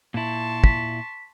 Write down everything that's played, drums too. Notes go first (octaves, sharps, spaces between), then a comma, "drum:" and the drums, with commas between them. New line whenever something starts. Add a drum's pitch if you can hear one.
A#2 E4 A5 C6 C#6
B6, drum: kick